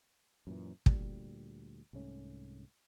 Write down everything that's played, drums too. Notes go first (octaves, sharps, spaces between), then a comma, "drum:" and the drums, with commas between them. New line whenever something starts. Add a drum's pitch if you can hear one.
F#2 A#2 E3
D2 A#2 G3, drum: kick
C2 G#2 A3 C#4